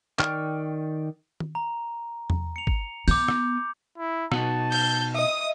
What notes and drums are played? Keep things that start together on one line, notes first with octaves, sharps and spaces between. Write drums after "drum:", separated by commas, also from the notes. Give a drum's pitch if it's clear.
D#3 D5 G5 C#6 F6, drum: clap
drum: tom D#3
A#5
drum: tom E2
C#7 F7
drum: kick
B3 D6 G6, drum: open hi-hat
drum: rim click
E4
B2 D#4 F#4 A5, drum: rim click
G6, drum: cymbal
D#5 E5 D#6